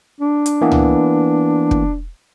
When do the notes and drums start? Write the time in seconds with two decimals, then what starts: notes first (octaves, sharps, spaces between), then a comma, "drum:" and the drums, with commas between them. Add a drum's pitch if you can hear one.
0.21 D4
0.46 drum: hi-hat
0.61 E3 A#3 B3
0.72 drum: tom C#2
1.71 drum: kick